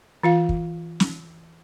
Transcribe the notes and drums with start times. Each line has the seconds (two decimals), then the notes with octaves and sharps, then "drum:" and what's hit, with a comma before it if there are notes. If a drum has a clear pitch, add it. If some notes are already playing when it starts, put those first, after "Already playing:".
0.23 E3 F4 F5
0.49 drum: kick
1.00 drum: snare